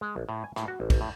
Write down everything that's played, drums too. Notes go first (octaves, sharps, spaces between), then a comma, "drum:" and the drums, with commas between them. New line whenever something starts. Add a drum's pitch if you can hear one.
G#3
A#1
A2
G#5
A2, drum: rim click
F#4
A1
drum: kick, cymbal
A2